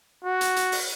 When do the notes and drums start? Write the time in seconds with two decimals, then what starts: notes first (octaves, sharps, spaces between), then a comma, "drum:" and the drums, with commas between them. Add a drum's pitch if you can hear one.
0.25 F#4
0.41 drum: hi-hat
0.56 drum: hi-hat
0.72 drum: open hi-hat